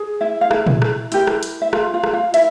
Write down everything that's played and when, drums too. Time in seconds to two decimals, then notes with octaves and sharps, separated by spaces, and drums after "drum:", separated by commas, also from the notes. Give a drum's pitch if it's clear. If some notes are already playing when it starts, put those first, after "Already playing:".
Already playing: G#4
0.21 E4 E5
0.41 F5
0.51 E4 E5, drum: rim click
0.66 drum: tom A#2
0.82 drum: rim click
1.12 E4 G4 A#4, drum: hi-hat
1.27 drum: rim click
1.43 drum: hi-hat
1.62 E5
1.73 F4 F5, drum: rim click
1.94 F4 F5
2.04 drum: rim click
2.13 F4 F5
2.34 E4 A#4 E5, drum: hi-hat